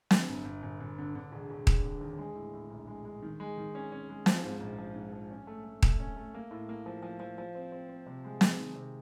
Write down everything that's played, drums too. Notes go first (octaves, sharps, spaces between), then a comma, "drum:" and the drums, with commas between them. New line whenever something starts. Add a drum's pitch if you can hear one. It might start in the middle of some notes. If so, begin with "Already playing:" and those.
D3, drum: snare
G1
G1
G1
G1
D3
D3
E1
E1
E1, drum: kick D#1
D3
D#2
G#3
A2
A2
A#1
G#3
G#3
D#3
G#3
D#3
C#4
C#4
G#3
F3, drum: snare
G#2
A#1
F3
G#2
F3
C#4
A3
A3
A3, drum: kick D#1
C#4
A3
A#3
A2
A#3
F3
F3
F3
F3
C4
C4
C4
C3
G#3
G#3, drum: snare
D#3
C3